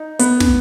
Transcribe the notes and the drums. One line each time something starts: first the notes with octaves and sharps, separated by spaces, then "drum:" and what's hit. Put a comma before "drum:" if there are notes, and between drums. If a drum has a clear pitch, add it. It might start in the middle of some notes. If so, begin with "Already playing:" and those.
Already playing: D#4
B3, drum: hi-hat
drum: snare